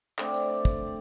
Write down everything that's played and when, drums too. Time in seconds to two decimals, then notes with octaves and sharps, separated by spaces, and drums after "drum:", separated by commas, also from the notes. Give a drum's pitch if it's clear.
0.19 D3 A3 C4 D5, drum: clap
0.34 drum: tambourine
0.49 D5
0.65 drum: kick, tambourine